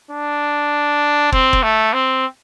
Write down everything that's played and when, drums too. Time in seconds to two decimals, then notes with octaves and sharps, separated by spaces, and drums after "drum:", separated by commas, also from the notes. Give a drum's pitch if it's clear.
0.11 D4
1.32 C4, drum: kick
1.53 drum: kick
1.62 A3
1.93 C4